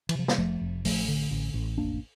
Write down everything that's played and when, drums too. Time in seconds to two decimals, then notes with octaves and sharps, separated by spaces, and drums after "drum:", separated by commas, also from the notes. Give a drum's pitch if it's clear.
0.09 E3, drum: cymbal
0.15 C3 F3
0.28 G3, drum: snare
0.38 F1 F3 A3
0.61 F1
0.85 A1 F3 A3, drum: open hi-hat
1.08 D3
1.31 A1
1.54 A1
1.78 F1 A#3 D4